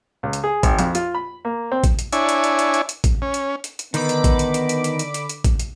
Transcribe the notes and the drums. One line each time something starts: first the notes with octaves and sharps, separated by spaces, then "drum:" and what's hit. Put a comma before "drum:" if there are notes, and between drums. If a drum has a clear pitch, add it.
C#2
drum: hi-hat
G#4
G#1, drum: kick A1, hi-hat
F2, drum: hi-hat
F4, drum: hi-hat
B5
A#3
C4
drum: kick A1, hi-hat
drum: hi-hat
D4 E4 C#5 G#5, drum: hi-hat
drum: hi-hat
drum: hi-hat
drum: hi-hat
drum: hi-hat
drum: hi-hat
drum: kick A1, hi-hat
C#4
drum: hi-hat
drum: hi-hat
drum: hi-hat
D3 D#3 B3 D#4 B5 D6, drum: hi-hat
drum: hi-hat
drum: kick A1, hi-hat
drum: hi-hat
drum: hi-hat
drum: hi-hat
drum: hi-hat
drum: hi-hat
drum: hi-hat
drum: hi-hat
drum: kick A1, hi-hat
drum: hi-hat